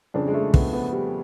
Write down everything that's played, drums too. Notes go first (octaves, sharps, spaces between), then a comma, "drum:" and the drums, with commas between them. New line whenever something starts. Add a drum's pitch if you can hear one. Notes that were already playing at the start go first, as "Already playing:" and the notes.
F2 C#3 F3 D4
G#3
A3
B3, drum: kick
B3
G3